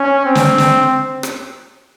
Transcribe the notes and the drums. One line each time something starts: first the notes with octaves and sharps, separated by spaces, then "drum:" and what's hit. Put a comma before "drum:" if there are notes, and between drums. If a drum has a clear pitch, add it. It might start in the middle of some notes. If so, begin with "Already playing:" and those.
Already playing: C#4
C4
drum: snare
drum: snare
drum: rim click